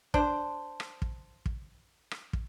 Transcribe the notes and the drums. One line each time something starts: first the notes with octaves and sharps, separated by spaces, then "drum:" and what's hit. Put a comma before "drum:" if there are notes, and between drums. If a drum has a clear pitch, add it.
D4 C5, drum: kick
drum: rim click
drum: kick
drum: kick
drum: rim click
drum: kick